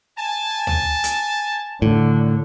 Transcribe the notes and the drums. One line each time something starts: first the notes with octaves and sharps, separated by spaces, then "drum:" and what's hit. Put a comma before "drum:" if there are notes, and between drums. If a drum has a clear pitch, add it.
G#5 A5
drum: tom
drum: hi-hat
A2 D3